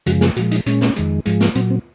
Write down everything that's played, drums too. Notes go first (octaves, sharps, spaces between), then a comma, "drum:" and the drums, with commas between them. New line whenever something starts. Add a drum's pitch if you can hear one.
F#2 C#3 F3 G#3 F#4, drum: hi-hat
G#4, drum: snare
A#2 F3 G#3 F#4, drum: hi-hat
D#4, drum: hi-hat
A#2 G#3 C#4, drum: hi-hat
drum: snare
F2 D#3 G#3, drum: hi-hat
G#2 F3 G#3, drum: hi-hat
drum: snare
A#2 F#3 C4, drum: hi-hat
C4